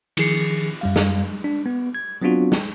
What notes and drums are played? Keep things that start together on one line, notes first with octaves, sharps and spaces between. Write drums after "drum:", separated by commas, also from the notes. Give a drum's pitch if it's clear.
D#3 F3 G#4 C7 C#7, drum: cymbal
F#2 G3 F5
drum: snare
D4
B3
G#6
F#3 B3 C4 D4 F4 F#4
drum: snare